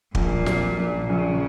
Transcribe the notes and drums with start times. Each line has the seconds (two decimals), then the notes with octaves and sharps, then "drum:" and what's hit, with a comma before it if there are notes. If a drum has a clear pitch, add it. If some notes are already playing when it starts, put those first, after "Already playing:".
0.15 A#1 A#2, drum: kick
0.46 A#1, drum: snare
0.78 A#1
1.09 A#1 C#3